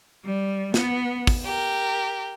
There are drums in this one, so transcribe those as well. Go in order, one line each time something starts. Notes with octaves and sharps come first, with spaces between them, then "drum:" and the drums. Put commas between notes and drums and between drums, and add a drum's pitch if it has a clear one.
G3
B3, drum: snare
drum: kick, open hi-hat
G4 A#4